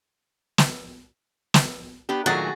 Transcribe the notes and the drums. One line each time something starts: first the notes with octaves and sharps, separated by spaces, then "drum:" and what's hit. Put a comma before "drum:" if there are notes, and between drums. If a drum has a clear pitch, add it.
drum: snare
drum: snare
B3 D4 G4
A#2 D#3 F#3 A3 F#4 G#4 F#6 A6